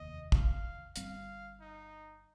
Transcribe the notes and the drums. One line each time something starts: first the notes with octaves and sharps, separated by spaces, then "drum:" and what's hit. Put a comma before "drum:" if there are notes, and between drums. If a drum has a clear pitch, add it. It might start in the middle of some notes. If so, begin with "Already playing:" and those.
Already playing: F1 D#2 D#3 A#3 D#5
F5, drum: kick
G1 G2 G3 C4 F5, drum: hi-hat
D#4